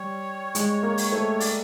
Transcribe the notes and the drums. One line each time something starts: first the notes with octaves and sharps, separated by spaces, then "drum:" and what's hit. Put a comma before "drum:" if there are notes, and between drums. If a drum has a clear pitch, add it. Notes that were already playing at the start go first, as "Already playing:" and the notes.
Already playing: G3 C#5
G#3, drum: hi-hat
A#3
drum: open hi-hat
A3
D5, drum: open hi-hat